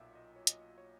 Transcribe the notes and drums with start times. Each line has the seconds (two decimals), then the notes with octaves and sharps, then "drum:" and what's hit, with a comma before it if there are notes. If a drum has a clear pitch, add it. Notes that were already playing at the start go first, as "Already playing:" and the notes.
Already playing: B1 A#2 F#3 E5
0.15 D#5
0.36 C#5
0.47 D#5, drum: hi-hat
0.78 C#5